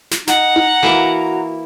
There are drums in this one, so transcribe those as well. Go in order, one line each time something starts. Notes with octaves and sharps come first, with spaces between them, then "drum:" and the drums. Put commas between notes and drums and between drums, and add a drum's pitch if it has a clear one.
drum: snare
D#4 F#5 A#5, drum: snare
drum: tom D#4
E3 A#3 F#4